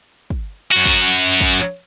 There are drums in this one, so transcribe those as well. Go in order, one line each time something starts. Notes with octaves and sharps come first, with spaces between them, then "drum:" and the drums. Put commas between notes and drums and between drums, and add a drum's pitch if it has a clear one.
drum: kick
F#2 F#4
drum: kick
drum: kick